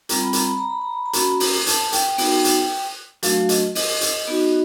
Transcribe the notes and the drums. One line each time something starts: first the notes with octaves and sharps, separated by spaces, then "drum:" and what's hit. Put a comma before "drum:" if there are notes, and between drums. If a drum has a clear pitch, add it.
G3 C4 F4 A#5, drum: hi-hat
B5
A#5, drum: hi-hat
B5
A#5
B5
A#5
B5
A#5
A#3 C#4 F#4 B5, drum: hi-hat
A#5
drum: open hi-hat
A5, drum: hi-hat
G5, drum: hi-hat
B3 D#4 F#4, drum: open hi-hat
drum: hi-hat
F#3 A3 D4 F#4 F5, drum: hi-hat
D#5, drum: hi-hat
D#5, drum: open hi-hat
drum: hi-hat
B3 D#4 F#4